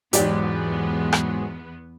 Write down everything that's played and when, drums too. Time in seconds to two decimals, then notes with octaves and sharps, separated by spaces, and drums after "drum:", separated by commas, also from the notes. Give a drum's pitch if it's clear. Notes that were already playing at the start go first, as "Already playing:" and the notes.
0.13 E2 G#2 F#3 G#3 B3 G4 D5, drum: hi-hat
1.13 drum: rim click